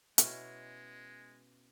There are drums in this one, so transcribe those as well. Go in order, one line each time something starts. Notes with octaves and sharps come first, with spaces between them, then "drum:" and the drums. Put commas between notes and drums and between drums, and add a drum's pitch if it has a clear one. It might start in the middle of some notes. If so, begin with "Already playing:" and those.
B2 G#3 C#4 E4, drum: hi-hat